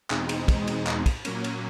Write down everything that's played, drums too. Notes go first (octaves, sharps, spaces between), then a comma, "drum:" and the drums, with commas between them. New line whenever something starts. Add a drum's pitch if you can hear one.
E2 B2 G#3 C4 D#4, drum: clap
drum: cymbal
drum: kick, cymbal
drum: cymbal
drum: clap
drum: kick, cymbal
A#2 F#3 A#3 C#4, drum: cymbal
drum: cymbal